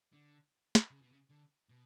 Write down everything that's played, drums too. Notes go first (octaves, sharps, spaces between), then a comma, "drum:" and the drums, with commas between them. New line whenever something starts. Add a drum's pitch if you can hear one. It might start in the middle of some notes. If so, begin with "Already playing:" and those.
D3
drum: snare
C#3
B2
C#3
D3
B2